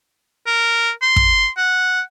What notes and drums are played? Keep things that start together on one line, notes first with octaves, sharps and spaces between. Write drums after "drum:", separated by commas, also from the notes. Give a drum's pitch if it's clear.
A#4
C6
drum: kick
F#5